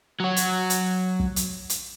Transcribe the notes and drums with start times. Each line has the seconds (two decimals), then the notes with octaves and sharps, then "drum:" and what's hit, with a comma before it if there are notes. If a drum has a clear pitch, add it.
0.20 F#3 F#4
0.36 drum: hi-hat
0.70 drum: hi-hat
1.20 drum: kick
1.36 drum: hi-hat
1.70 drum: hi-hat